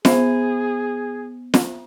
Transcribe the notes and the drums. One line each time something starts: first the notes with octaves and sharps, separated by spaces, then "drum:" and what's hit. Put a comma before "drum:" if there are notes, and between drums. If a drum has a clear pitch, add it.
B3 G#4 C5 E5, drum: snare
drum: snare